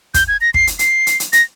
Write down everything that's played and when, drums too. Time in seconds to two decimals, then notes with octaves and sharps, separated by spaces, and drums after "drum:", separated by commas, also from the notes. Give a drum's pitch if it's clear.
0.14 G6, drum: kick, hi-hat
0.28 G#6
0.41 A#6
0.54 C7, drum: kick
0.67 drum: hi-hat
0.79 C7, drum: hi-hat
1.07 drum: hi-hat
1.20 drum: hi-hat
1.33 A#6, drum: hi-hat